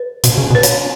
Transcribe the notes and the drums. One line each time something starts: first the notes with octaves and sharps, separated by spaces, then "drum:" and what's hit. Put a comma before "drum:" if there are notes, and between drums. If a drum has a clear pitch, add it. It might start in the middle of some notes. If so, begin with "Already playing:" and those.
Already playing: B4
B2, drum: hi-hat
C#3
B2
B4
C#5, drum: hi-hat